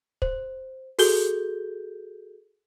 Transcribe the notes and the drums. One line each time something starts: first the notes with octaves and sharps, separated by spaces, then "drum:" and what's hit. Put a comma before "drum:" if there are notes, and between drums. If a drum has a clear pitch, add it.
C5, drum: kick
F#4 G#4 A4 G6 G7, drum: open hi-hat